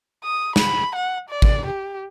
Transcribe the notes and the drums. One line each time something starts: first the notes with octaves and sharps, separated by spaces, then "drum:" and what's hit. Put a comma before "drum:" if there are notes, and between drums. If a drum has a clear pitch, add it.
D#6
B5, drum: snare
F#5
D5
drum: kick G#1
G4